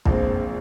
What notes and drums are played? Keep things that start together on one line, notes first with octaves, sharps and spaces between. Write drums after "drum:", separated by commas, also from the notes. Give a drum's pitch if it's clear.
A#1 A#2 G#3 C4, drum: kick